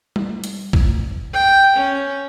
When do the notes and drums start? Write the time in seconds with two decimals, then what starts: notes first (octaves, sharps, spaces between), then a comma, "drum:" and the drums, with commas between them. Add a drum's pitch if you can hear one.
0.16 drum: tom G3
0.44 drum: hi-hat
0.73 drum: kick
1.34 G5
1.76 C#4